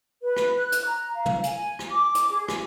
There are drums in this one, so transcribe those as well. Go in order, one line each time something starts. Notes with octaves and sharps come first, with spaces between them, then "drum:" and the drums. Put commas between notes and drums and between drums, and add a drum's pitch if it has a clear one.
B4
drum: rim click
F#6
drum: hi-hat
A#5
F5
drum: tom
G#5, drum: hi-hat
drum: rim click
D6
drum: hi-hat
G#4
G#5, drum: rim click